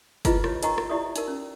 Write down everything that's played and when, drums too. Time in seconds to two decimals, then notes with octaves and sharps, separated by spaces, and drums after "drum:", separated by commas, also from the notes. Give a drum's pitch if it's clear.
0.25 E4 F4 G#4 B4 D#5, drum: kick, hi-hat
0.44 G4 C#5, drum: rim click
0.63 D#4 A#4 D#5 F#5 A#5 C#6, drum: hi-hat
0.78 drum: rim click
0.89 E4 G4 D5 E5 C#6 D#6
1.16 D#4 A#4, drum: hi-hat
1.28 C#4